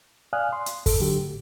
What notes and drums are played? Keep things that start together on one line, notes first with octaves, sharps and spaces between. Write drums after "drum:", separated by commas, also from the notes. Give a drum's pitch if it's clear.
D5 F5 G#5 D#6 F6 F#6
C6
drum: hi-hat
A4, drum: kick, open hi-hat
D3 F#3 G4
A2